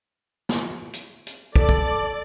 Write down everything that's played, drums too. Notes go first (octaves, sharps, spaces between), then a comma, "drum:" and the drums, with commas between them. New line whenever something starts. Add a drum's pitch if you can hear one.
drum: snare
drum: hi-hat
drum: hi-hat
A4 D5, drum: kick
drum: kick